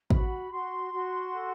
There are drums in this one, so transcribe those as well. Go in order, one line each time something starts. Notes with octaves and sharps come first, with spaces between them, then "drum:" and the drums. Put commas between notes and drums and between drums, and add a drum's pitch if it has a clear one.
F#4 B5, drum: kick
F#4 C6
F#4
A4